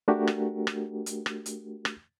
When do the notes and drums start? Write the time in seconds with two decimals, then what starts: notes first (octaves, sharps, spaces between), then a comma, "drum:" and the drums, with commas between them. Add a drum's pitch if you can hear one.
0.08 A3 D4 F#4 G4 A#4
0.27 drum: rim click
0.67 drum: rim click
1.06 drum: hi-hat
1.26 drum: rim click
1.46 drum: hi-hat
1.85 drum: rim click